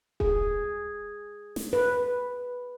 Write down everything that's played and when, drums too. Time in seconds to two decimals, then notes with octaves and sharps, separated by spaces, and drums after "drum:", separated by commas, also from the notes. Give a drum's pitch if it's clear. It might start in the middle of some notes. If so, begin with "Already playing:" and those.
0.20 G#4, drum: kick D#1
1.56 drum: snare
1.73 B4